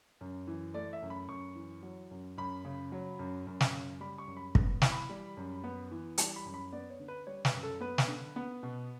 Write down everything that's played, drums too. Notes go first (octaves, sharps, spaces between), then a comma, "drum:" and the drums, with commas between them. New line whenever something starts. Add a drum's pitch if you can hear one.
F#2
E3
A3 D5
E5
F#2
B5
F#2 C#6
E3
F#3
F#2
F#2 B5
C#3
F#3
F#2
F#2
drum: snare
C#3
G3 B5
C#6
F#2
B5
B3, drum: kick
E3, drum: snare
B5
G3
F#2
B3
E3
G3 A5, drum: hi-hat
B5
F#2
B5
B3 D5
C#5
D3
B4
G3 C#5
B4, drum: snare
F#2
A4
B3 B4
drum: snare
D3
B3
B2